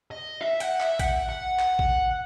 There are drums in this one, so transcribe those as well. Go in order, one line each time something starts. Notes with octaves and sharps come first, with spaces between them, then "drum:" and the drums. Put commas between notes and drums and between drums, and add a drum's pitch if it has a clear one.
D#5
E5
F#5, drum: hi-hat
E5, drum: clap
F#5, drum: kick A1, hi-hat
F#5
drum: clap
drum: kick A1